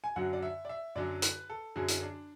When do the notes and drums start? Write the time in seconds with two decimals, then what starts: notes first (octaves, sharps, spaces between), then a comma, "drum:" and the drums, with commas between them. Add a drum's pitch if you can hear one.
0.04 G#5
0.16 F#2 D3 F#3 F#5
0.33 D5
0.42 E5
0.65 D5
0.69 E5
0.95 F#2 D3 F#3 D5
1.22 B4, drum: hi-hat
1.50 A4
1.75 F#2 D3 F#3 G#4
1.89 drum: hi-hat
2.03 D4